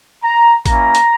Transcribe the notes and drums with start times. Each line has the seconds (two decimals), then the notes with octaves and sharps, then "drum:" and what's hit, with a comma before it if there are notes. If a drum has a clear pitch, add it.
0.22 A#5
0.66 A#3 C#4 E4 A#5, drum: kick, hi-hat
0.95 drum: hi-hat